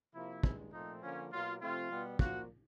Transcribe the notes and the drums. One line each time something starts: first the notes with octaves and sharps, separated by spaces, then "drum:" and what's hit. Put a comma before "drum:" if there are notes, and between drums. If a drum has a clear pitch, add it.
C3 F3 A#3 E4
G2 D#3 G#3, drum: kick
A#2 F3 A3 C4 D#4
D3 F3 A#3 C#4
B2 F#3 A#3 F4
C3 F3 A3 C4 F4
B2 G3 B3
A#2 F3 A#3 F#4, drum: kick